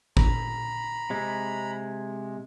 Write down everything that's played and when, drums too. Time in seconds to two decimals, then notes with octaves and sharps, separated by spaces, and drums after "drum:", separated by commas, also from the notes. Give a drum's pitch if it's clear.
0.17 A#5 B5, drum: kick G#1
1.10 C3 G#3